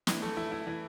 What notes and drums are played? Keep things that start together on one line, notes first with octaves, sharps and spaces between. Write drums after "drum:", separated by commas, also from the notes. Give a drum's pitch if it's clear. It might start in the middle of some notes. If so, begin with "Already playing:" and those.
E3, drum: snare
A3
E4
E4
E3